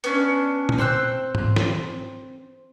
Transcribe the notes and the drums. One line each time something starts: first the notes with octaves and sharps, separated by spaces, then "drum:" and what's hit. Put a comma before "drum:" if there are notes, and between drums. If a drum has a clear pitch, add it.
B3 C#4 D4, drum: hi-hat
drum: tom A#2
C4 C5 E6 F#6
drum: tom G#2
drum: snare